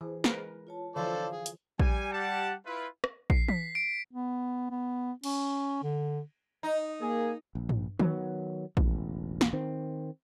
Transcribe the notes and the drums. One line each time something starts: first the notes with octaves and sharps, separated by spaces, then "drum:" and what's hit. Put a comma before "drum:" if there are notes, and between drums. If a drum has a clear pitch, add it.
E3 G#4 C5
G#3 A#4 B4, drum: snare
F4 C#5 A5
D3 E3 F3 A4 C5 D5 F5
G#4
drum: hi-hat
G3 G#5, drum: kick A#1
G4 F#5 A5
E4 F4 B4
drum: rim click
C7, drum: kick A#1
B6, drum: tom E3
D7
B3
B3
C#4, drum: cymbal
D3
D#4
A#3 G#4
A#1
drum: tom
D#3 F#3 G#3 B3, drum: tom D#3
E1 A1, drum: kick A#1
drum: snare
D#3 C4